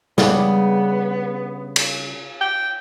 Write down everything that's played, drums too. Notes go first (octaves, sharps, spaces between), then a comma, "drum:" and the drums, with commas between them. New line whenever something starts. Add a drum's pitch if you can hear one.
C#3 G3 B3 D4, drum: snare
drum: cymbal
G5